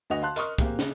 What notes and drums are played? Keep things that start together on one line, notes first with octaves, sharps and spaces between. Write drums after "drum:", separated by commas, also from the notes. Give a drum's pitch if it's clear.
D2 D3 F#4 B4 D#5 F7
F5 A5 C6 F#6
A#4 D#5 C6 C#6 D#6 F6, drum: hi-hat
A#3 C4 G4 G#4, drum: kick, hi-hat
C#3, drum: snare